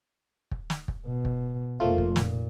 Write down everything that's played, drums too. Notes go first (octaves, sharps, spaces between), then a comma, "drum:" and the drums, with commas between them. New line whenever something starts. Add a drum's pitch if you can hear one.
drum: kick
drum: snare
drum: kick
B2
drum: kick
F1 F3 A3 A#3 F4
drum: kick
A#2, drum: snare